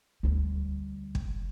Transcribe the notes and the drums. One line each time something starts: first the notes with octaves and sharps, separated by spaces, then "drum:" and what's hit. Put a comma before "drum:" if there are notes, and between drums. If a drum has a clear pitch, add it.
D2 G3
drum: kick